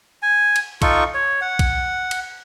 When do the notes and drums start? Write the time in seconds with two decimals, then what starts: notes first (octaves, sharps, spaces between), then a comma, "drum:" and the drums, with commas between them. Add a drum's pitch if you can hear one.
0.22 G#5
0.56 drum: cymbal
0.82 D#4 F4 A4 C#6, drum: kick B1, cymbal
1.14 C#5
1.41 F#5
1.59 drum: kick B1, cymbal
2.11 drum: cymbal